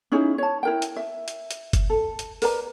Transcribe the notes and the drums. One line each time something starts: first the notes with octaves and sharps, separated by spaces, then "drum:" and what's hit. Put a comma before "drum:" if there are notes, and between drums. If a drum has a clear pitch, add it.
C#4 D#4 E4 G#4
C#5 A5
E4 A#4 G5
drum: hi-hat
E5
drum: hi-hat
drum: hi-hat
drum: kick F#1, hi-hat
A4
drum: hi-hat
A#4 B4 D5 A#5, drum: open hi-hat